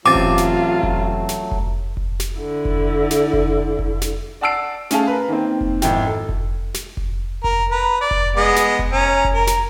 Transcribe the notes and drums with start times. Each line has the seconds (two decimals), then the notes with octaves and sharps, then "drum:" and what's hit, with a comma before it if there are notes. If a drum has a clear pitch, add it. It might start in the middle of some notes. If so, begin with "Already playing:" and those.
0.06 A1 F#3 A3 C4 F4 G#5 D6 A6
0.15 drum: kick F1
0.38 drum: snare
0.83 drum: kick F1
1.29 drum: snare
1.51 drum: kick F1
1.97 drum: kick F1
2.20 drum: snare
2.39 D3 E4
2.65 drum: kick F1
3.11 drum: snare
3.33 drum: kick F1
3.79 drum: kick F1
4.02 drum: snare
4.41 D5 F#5 A5 E6 C7 D7
4.91 A3 C#4 G#4 F5 A5, drum: snare
5.07 A#4 B4
5.28 D#3 A#3 C4
5.61 drum: kick F1
5.82 G#1 F2 E4 G5, drum: snare
6.06 A4
6.29 drum: kick F1
6.74 drum: snare
6.97 drum: kick F1
7.44 A#4, drum: kick F1
7.71 B4 A#5
8.01 D5
8.11 drum: kick F1
8.37 G#3 B3 D#5
8.56 drum: snare
8.79 drum: kick F1
8.92 C#4 A#5
9.25 drum: kick F1
9.34 A#4
9.47 drum: snare